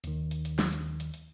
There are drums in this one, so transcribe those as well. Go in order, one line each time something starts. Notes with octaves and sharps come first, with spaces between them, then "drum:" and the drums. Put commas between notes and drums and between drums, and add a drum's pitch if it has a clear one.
D#2 D#3, drum: hi-hat
drum: hi-hat
drum: hi-hat
drum: snare
drum: hi-hat
drum: hi-hat
drum: hi-hat